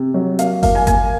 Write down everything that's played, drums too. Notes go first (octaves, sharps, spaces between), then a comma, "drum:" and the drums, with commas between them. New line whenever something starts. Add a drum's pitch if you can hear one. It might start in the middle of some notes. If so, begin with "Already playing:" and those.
Already playing: C3
F#3
A#3 F5, drum: hi-hat
A#3 F5, drum: kick G1, open hi-hat
G#5
A#3 G#5, drum: kick G1, hi-hat